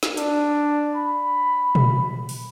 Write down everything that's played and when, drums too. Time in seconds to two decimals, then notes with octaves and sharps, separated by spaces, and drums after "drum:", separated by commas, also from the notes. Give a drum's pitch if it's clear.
0.03 drum: snare
0.17 D4, drum: hi-hat
0.96 B5
1.75 drum: tom A#2
2.29 drum: open hi-hat